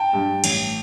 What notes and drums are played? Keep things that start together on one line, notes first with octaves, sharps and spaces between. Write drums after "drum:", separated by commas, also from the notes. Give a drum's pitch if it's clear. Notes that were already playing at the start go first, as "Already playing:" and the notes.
Already playing: G5 A5
G2
A1, drum: cymbal